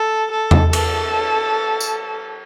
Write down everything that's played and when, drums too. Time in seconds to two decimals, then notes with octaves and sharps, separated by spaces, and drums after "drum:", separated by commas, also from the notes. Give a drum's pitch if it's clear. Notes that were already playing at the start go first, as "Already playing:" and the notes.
Already playing: A4
0.31 A4
0.51 drum: tom E2
0.73 A4, drum: cymbal
1.80 drum: tambourine